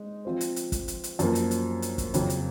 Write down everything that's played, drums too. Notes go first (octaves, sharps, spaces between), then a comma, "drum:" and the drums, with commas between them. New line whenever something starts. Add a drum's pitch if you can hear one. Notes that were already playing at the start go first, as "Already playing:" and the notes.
Already playing: G#3 D#4
F3 C4 F4 C5
drum: hi-hat
drum: hi-hat
drum: kick, hi-hat
drum: hi-hat
drum: hi-hat
F#2 F3 A#3, drum: hi-hat
drum: hi-hat
drum: hi-hat
drum: hi-hat
drum: kick, hi-hat
F2 C#3 F#3, drum: hi-hat
drum: hi-hat